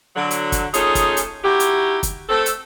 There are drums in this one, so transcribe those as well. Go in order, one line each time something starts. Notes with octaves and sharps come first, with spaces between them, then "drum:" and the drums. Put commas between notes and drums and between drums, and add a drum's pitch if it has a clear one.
D3 F#3
drum: hi-hat
drum: kick, hi-hat
A3 C#4 D#4 F4 G#4, drum: hi-hat
drum: kick, hi-hat
drum: hi-hat
D#4 E4 F#4 G4
drum: hi-hat
drum: kick, hi-hat
A3 C4 A4
drum: hi-hat